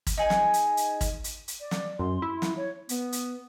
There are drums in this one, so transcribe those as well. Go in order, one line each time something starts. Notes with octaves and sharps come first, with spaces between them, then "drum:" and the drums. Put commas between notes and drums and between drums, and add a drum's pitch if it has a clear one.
drum: kick, hi-hat
D#4 G#4 G#5
drum: snare
drum: hi-hat
drum: hi-hat
drum: kick, hi-hat
drum: hi-hat
drum: hi-hat
D5
drum: snare
F#2 C6
E4
drum: snare
C#5
B3, drum: hi-hat
drum: hi-hat